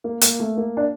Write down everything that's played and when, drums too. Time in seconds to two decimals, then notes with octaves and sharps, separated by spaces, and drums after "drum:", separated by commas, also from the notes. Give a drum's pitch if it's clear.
0.04 A#3
0.21 A#3, drum: hi-hat
0.39 A3
0.57 A#3
0.77 D4